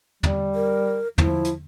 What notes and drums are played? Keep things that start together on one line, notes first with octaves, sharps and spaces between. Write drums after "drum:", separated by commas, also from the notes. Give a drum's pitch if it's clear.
G3, drum: tom
A#4
F3 E4, drum: tom
drum: hi-hat